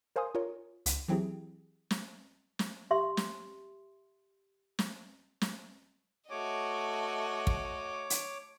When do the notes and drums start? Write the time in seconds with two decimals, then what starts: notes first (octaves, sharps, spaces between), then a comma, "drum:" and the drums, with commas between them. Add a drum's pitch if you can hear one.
0.16 A#4 C5 F5 G#5 C6 D#6
0.35 F4 A#4 C#5
0.86 C#2, drum: hi-hat
1.08 E3 F#3 C4 E4 G4 G#4
1.91 drum: snare
2.59 drum: snare
2.91 G4 E5 C6
3.17 drum: snare
4.79 drum: snare
5.41 drum: snare
6.30 A3 F#4 C#5 D#5 D6
7.47 drum: kick
8.10 drum: hi-hat